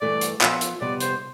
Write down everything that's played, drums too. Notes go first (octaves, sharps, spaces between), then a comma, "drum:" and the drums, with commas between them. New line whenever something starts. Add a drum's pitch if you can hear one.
G2 E3 A3 D5
drum: hi-hat
F3 B3 F4 E5, drum: clap
drum: hi-hat
F2 C3 G3 B3 D5
C5, drum: hi-hat